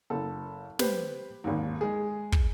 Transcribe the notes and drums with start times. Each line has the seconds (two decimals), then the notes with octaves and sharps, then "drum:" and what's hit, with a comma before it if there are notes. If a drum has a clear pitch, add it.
0.10 F#1 A4
0.79 G4 B4 C5, drum: snare
1.44 G#1 D#2
1.81 G#3 G#4
2.32 drum: kick